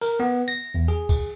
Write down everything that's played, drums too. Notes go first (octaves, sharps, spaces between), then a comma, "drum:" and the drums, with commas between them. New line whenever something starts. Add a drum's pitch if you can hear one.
A#4, drum: cymbal
B3
A#6
E2
G#4
drum: kick, cymbal